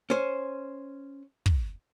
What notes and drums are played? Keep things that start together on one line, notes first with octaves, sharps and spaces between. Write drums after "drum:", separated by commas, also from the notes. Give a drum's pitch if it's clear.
C#4 C5
drum: kick